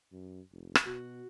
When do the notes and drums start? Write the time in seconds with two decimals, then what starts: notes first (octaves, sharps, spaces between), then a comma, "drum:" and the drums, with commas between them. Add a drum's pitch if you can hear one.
0.12 F#2
0.52 F1
0.75 drum: rim click
0.85 B2 F#4